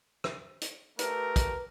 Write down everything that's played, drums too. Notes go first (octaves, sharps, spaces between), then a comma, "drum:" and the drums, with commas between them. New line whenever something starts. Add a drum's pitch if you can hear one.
drum: rim click
drum: hi-hat
A3 G4 A#4 B4, drum: hi-hat
drum: kick, hi-hat